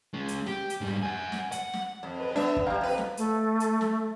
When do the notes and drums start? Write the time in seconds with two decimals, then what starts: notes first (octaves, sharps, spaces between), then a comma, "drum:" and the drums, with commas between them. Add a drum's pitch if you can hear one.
0.13 G#3 C#4
0.28 drum: hi-hat
0.47 G4, drum: snare
0.70 drum: hi-hat
0.81 G#2 G3
1.03 F#5 G#5
1.32 drum: snare
1.52 F#5, drum: hi-hat
1.73 drum: snare
2.03 F2
2.20 B4
2.36 B3 D4 E5, drum: snare
2.56 drum: kick
2.66 D#3 G3 F5 G5 A#5
2.81 F2 B4
2.98 drum: snare
3.17 A3, drum: hi-hat
3.60 drum: hi-hat
3.81 drum: snare